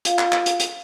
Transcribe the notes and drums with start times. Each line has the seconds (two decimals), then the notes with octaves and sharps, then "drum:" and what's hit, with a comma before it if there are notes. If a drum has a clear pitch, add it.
0.05 F4 F5, drum: hi-hat
0.19 drum: clap
0.32 drum: clap
0.46 drum: hi-hat
0.60 drum: hi-hat